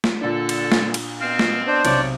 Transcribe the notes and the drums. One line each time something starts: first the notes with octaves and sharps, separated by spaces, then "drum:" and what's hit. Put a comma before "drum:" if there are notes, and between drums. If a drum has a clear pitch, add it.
drum: snare
A#2 D3 D4 A4
drum: cymbal
drum: snare
drum: cymbal
B2 B3 C4 F5 F6
drum: snare
D4 C5
B1 C3 C#5 D5, drum: cymbal